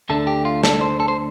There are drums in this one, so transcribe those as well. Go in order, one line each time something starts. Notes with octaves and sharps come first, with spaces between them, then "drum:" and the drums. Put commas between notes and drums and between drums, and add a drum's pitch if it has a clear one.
D2 D3 A3 D4 A4
G4
F4
A4, drum: snare
C5
A4
C5